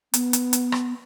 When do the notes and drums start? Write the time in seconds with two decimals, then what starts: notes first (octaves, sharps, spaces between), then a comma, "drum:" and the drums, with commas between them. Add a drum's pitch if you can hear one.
0.14 B3, drum: hi-hat
0.33 drum: hi-hat
0.53 drum: hi-hat
0.72 drum: rim click